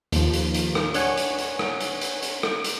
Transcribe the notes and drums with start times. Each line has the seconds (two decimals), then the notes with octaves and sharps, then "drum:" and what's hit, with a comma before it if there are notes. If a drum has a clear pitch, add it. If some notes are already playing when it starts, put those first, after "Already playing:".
0.12 D#2 F3, drum: hi-hat
0.33 drum: hi-hat
0.54 drum: hi-hat
0.75 drum: rim click
0.94 D4 C#5 F#5 G#5, drum: hi-hat
1.17 drum: hi-hat
1.38 drum: hi-hat
1.59 drum: rim click
1.80 drum: hi-hat
2.01 drum: hi-hat
2.22 drum: hi-hat
2.43 drum: rim click
2.64 drum: hi-hat